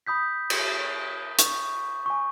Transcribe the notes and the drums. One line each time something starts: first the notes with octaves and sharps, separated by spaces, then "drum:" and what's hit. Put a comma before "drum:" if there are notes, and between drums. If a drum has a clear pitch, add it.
B5 D#6 G6 B6
drum: cymbal
C#6, drum: hi-hat
G#5 C#6